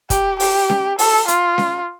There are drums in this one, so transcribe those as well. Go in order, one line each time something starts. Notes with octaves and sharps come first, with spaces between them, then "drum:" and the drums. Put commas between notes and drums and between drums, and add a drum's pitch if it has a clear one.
G4, drum: kick, hi-hat
G4, drum: open hi-hat
drum: snare C#4
A4, drum: open hi-hat
F4, drum: hi-hat
drum: snare C#4